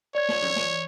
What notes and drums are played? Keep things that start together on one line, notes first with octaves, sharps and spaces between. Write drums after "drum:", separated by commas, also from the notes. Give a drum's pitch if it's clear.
C#5 D5 G#6
drum: snare
drum: tom
drum: snare